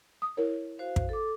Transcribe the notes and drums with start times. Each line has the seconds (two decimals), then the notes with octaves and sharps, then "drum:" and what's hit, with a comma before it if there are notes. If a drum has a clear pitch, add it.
0.22 D#6
0.37 E4 A#4 C#5
0.79 F#4 C5 F5
0.96 drum: kick
1.09 A4 D6